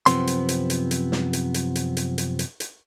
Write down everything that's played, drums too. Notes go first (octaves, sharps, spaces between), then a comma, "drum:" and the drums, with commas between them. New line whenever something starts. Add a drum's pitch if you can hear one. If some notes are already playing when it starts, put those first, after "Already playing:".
F#2 C3 F3 B3 C4 C6, drum: hi-hat
drum: hi-hat
drum: hi-hat
drum: hi-hat
drum: hi-hat
drum: snare
drum: hi-hat
drum: hi-hat
drum: hi-hat
drum: hi-hat
drum: hi-hat
drum: hi-hat
drum: hi-hat